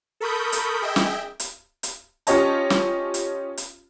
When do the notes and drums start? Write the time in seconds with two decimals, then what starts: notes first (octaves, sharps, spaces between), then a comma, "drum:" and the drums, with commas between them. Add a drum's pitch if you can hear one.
0.20 A4 A#4 B5 C#6 D#6 G6
0.52 drum: hi-hat
0.82 G#4 D#5 E5 G5
0.96 drum: snare
1.40 drum: hi-hat
1.83 drum: hi-hat
2.27 C#4 F4 G4 C#5 D#5 A5, drum: hi-hat
2.70 drum: snare
3.14 drum: hi-hat
3.57 drum: hi-hat